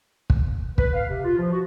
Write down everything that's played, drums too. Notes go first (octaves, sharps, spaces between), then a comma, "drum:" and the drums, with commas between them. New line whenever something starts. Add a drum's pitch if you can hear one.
drum: kick
B4, drum: kick
F5
C3
F4
F3
F#4